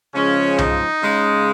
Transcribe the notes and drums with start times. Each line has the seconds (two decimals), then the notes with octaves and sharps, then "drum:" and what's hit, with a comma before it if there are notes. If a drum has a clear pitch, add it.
0.14 C#3 F3 G#3 C#4
0.58 D#4, drum: tom C2
1.02 C#3 G#3